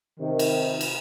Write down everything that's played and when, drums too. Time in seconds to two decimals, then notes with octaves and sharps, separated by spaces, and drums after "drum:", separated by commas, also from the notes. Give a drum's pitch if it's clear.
0.19 C3 D#3
0.39 drum: cymbal
0.81 drum: cymbal